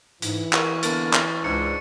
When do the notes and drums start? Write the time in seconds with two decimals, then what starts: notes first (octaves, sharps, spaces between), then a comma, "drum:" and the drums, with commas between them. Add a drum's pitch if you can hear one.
0.22 G#2 E3, drum: hi-hat
0.53 A#4 C#6 D#7, drum: clap
0.83 D3 A#3 B3 A#4 A6 D#7, drum: hi-hat
1.13 drum: clap
1.44 C#2 G#2 D4 C#7